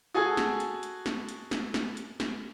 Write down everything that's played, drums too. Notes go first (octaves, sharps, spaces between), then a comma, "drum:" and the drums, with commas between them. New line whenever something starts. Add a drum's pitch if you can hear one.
F#4 G#4 A4 G#5
drum: snare
drum: hi-hat
drum: hi-hat
drum: snare
drum: hi-hat
drum: snare
drum: snare
drum: hi-hat
drum: snare